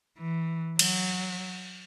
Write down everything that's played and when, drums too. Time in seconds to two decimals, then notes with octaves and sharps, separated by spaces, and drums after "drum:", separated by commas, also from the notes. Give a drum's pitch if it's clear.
0.18 E3
0.79 F#3, drum: cymbal